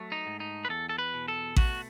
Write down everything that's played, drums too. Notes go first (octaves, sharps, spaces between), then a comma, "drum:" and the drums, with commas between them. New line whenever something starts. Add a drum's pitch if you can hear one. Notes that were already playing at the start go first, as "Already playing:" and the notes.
Already playing: F#3 A3
D#4
G#2
D#4
B4
E2 A4
A4
B4
B2
A4
A3 F#4, drum: kick A1